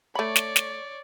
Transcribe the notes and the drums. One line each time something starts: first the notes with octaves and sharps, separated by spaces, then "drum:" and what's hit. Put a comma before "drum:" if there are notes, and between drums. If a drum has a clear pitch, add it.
A3 C#5 D5 B5
drum: snare
drum: snare